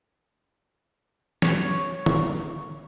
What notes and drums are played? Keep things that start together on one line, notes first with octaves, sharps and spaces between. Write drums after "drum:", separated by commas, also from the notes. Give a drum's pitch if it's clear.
C#5, drum: snare
drum: tom